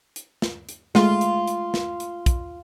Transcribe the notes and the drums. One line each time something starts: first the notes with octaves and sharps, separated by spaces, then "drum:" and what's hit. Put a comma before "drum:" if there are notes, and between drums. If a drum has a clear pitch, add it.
drum: hi-hat
drum: snare
drum: hi-hat
G#3 A3 F4, drum: snare
drum: hi-hat
drum: hi-hat
drum: snare
drum: hi-hat
drum: kick, hi-hat